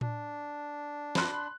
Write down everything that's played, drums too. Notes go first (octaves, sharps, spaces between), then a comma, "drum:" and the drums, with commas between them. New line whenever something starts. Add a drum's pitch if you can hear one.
D4, drum: tom A2
B5 C6 F#6, drum: snare